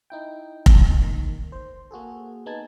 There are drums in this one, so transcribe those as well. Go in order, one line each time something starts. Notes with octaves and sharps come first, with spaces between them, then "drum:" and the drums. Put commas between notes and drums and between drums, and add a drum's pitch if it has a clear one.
D#4 E4 G5
drum: kick F1
D#2 D#3
C5
A#3 F#4 G#4 A4
B3 D#4 G#4 A5 G#6